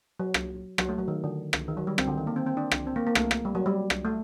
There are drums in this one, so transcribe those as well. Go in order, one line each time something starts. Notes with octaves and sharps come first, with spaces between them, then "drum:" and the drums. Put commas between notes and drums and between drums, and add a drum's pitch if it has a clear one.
F#3
drum: rim click
F#3, drum: rim click
A3
F#3
D#3
D3
drum: rim click
D#3
F#3
G3
C4, drum: rim click
D3
D#3
A#3
C4
C4
D4
drum: rim click
C4
A#3
A#3
A3, drum: rim click
drum: rim click
G3
F#3
G3
drum: rim click
A3